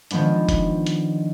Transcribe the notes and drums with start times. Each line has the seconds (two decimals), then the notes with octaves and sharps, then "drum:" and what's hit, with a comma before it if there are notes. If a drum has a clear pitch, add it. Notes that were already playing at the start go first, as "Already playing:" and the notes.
0.11 D#3 F3 G#3 B3 D4, drum: hi-hat
0.49 drum: kick F1, hi-hat
0.86 drum: hi-hat